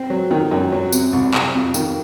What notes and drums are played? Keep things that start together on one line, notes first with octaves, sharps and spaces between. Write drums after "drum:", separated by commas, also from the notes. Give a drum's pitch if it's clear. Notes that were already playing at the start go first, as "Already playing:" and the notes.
Already playing: C4
F#3
D#3
F#2
F#3
C3, drum: tambourine
C2
C3, drum: clap
F2
D#3, drum: tambourine